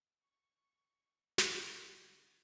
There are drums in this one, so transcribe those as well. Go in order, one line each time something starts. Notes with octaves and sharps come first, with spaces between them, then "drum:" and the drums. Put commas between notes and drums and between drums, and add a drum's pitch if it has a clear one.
C#6
drum: snare
B2 D3 D#3